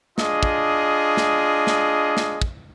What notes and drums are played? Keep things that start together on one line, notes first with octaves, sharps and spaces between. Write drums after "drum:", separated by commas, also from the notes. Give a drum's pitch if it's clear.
D4 F4 G#4 D#5, drum: snare
drum: kick
drum: snare
drum: snare
drum: snare
drum: kick